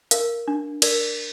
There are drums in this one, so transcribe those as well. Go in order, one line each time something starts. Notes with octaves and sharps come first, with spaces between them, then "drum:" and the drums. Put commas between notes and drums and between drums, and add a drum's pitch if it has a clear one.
A#4 F5, drum: hi-hat
D4
A#4 D5, drum: cymbal